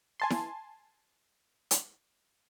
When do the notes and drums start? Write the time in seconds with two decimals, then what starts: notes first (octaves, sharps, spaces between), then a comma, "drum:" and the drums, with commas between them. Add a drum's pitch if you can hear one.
0.20 G#5 A5 C6
0.30 drum: snare E4
1.71 drum: hi-hat